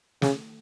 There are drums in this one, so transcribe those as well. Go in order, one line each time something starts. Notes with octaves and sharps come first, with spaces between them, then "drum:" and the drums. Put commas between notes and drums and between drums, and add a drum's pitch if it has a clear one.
C#3, drum: snare